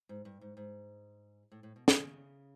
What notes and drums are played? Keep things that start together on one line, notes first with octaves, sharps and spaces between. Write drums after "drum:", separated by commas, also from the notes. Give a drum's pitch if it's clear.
G#2
G2
G#2
G#2
A2
A2
B2
C3, drum: snare
C#3